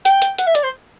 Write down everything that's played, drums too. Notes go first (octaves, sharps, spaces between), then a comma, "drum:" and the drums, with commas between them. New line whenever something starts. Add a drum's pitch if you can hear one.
G5, drum: hi-hat
drum: hi-hat
F#5, drum: hi-hat
E5
D5, drum: hi-hat
C5